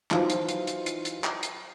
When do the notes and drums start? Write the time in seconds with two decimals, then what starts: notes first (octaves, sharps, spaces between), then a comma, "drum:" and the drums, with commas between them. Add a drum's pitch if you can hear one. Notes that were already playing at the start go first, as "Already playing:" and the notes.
0.11 E3 F#3 D#4 F4 C5, drum: clap
0.30 drum: hi-hat
0.49 drum: hi-hat
0.67 drum: hi-hat
0.86 drum: hi-hat
1.05 drum: hi-hat
1.24 drum: clap
1.43 drum: hi-hat